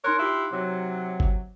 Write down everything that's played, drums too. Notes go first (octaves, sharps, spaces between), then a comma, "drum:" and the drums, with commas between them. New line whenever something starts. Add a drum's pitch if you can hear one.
D#4 A#4 C#5 C6 F#6
E4 F4 G4
C3 F#3
drum: kick G1